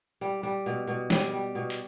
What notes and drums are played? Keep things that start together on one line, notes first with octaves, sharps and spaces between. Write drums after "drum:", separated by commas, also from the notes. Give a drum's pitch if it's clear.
G3
G3
B2
B2
G3, drum: snare
G3
B2
drum: hi-hat